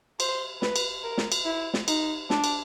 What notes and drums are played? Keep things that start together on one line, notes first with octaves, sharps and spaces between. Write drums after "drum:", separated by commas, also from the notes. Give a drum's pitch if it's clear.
C5, drum: cymbal
B4, drum: snare
drum: cymbal
A#4
drum: snare
drum: cymbal
E4
drum: snare
D#4, drum: cymbal
D4, drum: snare
drum: cymbal